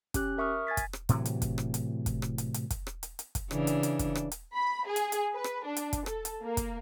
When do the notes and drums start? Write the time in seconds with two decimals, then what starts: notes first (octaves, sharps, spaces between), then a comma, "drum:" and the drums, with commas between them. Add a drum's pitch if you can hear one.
0.14 C#4 G4 F#6, drum: kick, hi-hat
0.38 A#4 E5 C#6 D#6 F6
0.67 G#5 G#6 A6 B6
0.77 drum: kick, hi-hat
0.93 drum: rim click
1.09 A2 C3 E3 F#3, drum: hi-hat
1.26 drum: hi-hat
1.42 drum: kick, hi-hat
1.58 drum: rim click
1.74 drum: hi-hat
2.06 drum: kick, hi-hat
2.22 drum: rim click
2.38 drum: hi-hat
2.54 drum: hi-hat
2.70 drum: kick, hi-hat
2.87 drum: rim click
3.03 drum: hi-hat
3.19 drum: hi-hat
3.35 drum: kick, hi-hat
3.51 C#3 E3 D4, drum: rim click
3.67 drum: hi-hat
3.83 drum: hi-hat
3.99 drum: kick, hi-hat
4.15 drum: rim click
4.32 drum: hi-hat
4.55 B5
4.86 G#4
4.96 drum: hi-hat
5.12 drum: hi-hat
5.33 B4
5.44 drum: rim click
5.64 D4
5.77 drum: hi-hat
5.93 drum: kick, hi-hat
6.06 A4, drum: rim click
6.25 drum: hi-hat
6.41 A#3
6.57 drum: kick, hi-hat